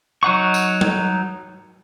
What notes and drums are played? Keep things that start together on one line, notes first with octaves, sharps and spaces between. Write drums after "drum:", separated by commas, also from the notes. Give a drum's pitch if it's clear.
F#3 D#4 F#5 C#6
drum: tambourine
drum: tom G3